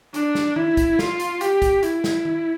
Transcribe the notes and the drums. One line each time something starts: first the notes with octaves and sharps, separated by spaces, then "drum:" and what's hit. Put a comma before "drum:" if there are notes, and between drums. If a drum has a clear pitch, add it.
D4, drum: hi-hat
drum: snare
E4, drum: tom D#3
drum: kick, hi-hat
F4, drum: snare
drum: hi-hat
G4, drum: hi-hat
drum: kick, hi-hat
E4, drum: hi-hat
drum: snare
drum: tom D#3